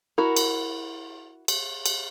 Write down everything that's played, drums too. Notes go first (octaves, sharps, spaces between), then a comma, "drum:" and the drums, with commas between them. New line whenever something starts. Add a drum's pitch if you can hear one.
E4 F#4 A#4
drum: cymbal
drum: cymbal
drum: cymbal